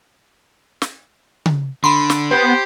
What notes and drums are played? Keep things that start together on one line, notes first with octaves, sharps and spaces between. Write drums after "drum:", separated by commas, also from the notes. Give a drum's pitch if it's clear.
drum: snare
drum: tom C#3
D3 B5 C6
drum: snare
B3 G4 C5